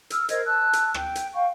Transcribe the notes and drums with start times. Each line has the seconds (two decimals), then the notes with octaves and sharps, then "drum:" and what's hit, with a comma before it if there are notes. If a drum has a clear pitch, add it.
0.10 E6 F6, drum: hi-hat
0.29 A#4 C5 D#5 G#6, drum: hi-hat
0.45 A5 E6 F#6
0.73 drum: hi-hat
0.94 G5, drum: rim click
1.15 drum: hi-hat
1.33 F5 G5 C#6